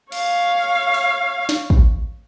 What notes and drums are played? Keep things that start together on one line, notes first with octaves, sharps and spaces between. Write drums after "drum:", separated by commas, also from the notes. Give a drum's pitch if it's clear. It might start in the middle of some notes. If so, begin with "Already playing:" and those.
C#5 F5, drum: cymbal
drum: open hi-hat
drum: snare
drum: kick